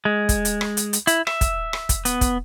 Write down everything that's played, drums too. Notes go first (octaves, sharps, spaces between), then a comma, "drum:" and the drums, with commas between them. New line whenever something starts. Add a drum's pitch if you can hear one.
G#3
drum: kick, hi-hat
drum: hi-hat
drum: rim click
drum: hi-hat
drum: hi-hat
E4, drum: hi-hat
E5, drum: rim click
drum: kick, hi-hat
drum: rim click
drum: kick, hi-hat
B3, drum: hi-hat
drum: kick, hi-hat